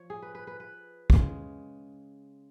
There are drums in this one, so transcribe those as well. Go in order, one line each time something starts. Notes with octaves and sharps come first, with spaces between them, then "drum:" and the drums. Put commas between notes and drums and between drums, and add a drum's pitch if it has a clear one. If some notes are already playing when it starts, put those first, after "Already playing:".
Already playing: F3 C#5
G#4
B4
B4
B4
B4
C#3 G#3, drum: kick